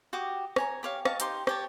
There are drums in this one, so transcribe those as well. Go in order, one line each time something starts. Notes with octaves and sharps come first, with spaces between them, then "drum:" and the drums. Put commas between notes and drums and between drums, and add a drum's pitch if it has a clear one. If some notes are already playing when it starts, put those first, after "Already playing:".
F#4 G4 D6 D#6
C#5 G#5 A#5, drum: rim click
G4 C#5 F5
D#5 F5 A5 C#6, drum: rim click
D#4 G4 C6, drum: hi-hat
G4 C#5 A5, drum: rim click